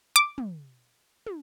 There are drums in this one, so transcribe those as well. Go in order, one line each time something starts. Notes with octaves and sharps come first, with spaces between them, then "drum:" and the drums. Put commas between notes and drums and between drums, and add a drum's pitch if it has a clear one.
D6
drum: tom
drum: tom